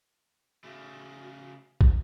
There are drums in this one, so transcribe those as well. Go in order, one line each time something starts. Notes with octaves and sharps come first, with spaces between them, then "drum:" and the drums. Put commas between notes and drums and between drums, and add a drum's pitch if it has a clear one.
C#3 A3 F#4
drum: kick